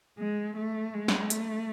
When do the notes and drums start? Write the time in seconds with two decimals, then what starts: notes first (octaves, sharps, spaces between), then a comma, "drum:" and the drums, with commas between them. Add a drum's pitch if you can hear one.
0.18 G#3
0.56 A3
0.94 G#3
1.08 drum: snare
1.30 A3, drum: hi-hat